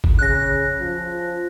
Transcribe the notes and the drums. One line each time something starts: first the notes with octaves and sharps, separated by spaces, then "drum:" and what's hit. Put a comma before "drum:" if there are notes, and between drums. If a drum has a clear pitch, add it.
drum: kick
C#3 F#6 A#6
F3